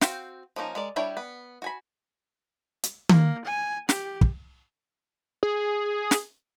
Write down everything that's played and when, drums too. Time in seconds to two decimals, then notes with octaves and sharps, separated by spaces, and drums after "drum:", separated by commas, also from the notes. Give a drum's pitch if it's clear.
0.01 C4 F#4 F5 G5, drum: snare
0.56 F3 A#3 C#4 D#4
0.75 G#3 A#4 D5
0.96 G3 D4 E4 C#5 G5
1.17 B3
1.62 F#4 G#5 B5
2.84 drum: hi-hat
3.09 A#3, drum: tom D#3
3.45 G#5
3.89 G4, drum: snare
4.21 drum: kick
5.43 G#4
6.11 drum: snare